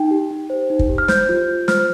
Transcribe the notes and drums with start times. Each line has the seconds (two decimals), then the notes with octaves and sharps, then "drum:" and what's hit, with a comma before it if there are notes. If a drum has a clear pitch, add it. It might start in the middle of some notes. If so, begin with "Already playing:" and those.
Already playing: D#4 G5
0.11 G4
0.31 D#4
0.50 C5
0.70 D#4
0.79 drum: kick
0.89 G4
0.98 F6
1.08 C5 G6, drum: snare
1.29 F4
1.48 F4
1.68 C5 F6, drum: snare